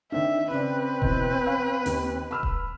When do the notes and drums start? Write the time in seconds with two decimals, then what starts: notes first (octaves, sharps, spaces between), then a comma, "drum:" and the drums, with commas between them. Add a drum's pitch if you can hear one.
0.12 D#3 C4 D4 E5
0.51 C#3 C4 B4 D5
1.02 B2 E3, drum: kick D#1
1.47 F5
1.86 D#2, drum: open hi-hat
2.31 B5 E6 F6
2.43 drum: kick D#1